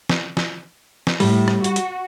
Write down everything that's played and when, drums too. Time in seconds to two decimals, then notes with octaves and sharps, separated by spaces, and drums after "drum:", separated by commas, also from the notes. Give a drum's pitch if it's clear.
0.09 drum: snare
0.37 drum: snare
1.07 drum: snare
1.20 A2 G3, drum: open hi-hat
1.48 drum: rim click
1.64 F#4, drum: hi-hat
1.76 drum: hi-hat